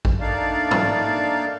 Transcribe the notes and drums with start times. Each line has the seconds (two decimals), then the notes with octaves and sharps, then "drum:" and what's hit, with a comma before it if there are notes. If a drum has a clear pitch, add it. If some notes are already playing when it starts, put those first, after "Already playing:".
0.05 drum: kick A1
0.20 A3 A#3 D4 D#4 D5 F5
0.71 drum: tom